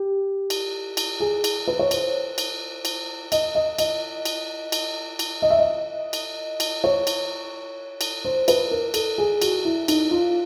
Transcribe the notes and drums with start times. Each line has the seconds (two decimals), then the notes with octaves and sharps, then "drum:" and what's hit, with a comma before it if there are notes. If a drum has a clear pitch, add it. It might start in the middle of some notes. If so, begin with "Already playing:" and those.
Already playing: G4
0.50 drum: cymbal
0.97 drum: cymbal
1.20 G#4
1.44 drum: cymbal
1.67 B4
1.79 C#5
1.91 C5, drum: cymbal
2.38 drum: cymbal
2.85 drum: cymbal
3.32 D#5, drum: cymbal
3.55 D#5
3.79 D#5, drum: cymbal
4.25 drum: cymbal
4.72 drum: cymbal
5.19 drum: cymbal
5.42 D#5
5.50 E5
5.59 D#5
6.13 drum: cymbal
6.60 drum: cymbal
6.84 C#5
7.07 drum: cymbal
8.01 drum: cymbal
8.25 C5
8.48 B4, drum: cymbal
8.71 A#4
8.94 A4, drum: cymbal
9.18 G#4
9.42 F#4, drum: cymbal
9.65 E4
9.88 D#4, drum: cymbal
10.11 F4